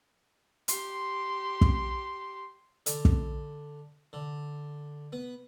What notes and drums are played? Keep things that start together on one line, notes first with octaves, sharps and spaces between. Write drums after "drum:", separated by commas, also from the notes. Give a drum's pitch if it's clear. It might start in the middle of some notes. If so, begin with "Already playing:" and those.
G4 C6, drum: hi-hat
drum: kick
D3, drum: hi-hat
drum: kick
D3
B3